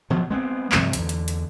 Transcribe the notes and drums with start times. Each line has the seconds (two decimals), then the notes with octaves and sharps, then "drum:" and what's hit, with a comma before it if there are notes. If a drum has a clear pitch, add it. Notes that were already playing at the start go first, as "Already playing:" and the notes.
0.10 B2 F3 F#3
0.30 G#3 B3 C4
0.72 G2 C3 F3 A3, drum: clap
0.93 E2 D3, drum: hi-hat
1.09 drum: hi-hat
1.28 drum: hi-hat